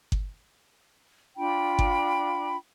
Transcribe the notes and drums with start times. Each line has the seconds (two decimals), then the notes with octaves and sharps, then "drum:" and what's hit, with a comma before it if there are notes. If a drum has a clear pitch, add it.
0.12 drum: kick G1
1.37 D4 F4 G5 B5
1.79 drum: kick G1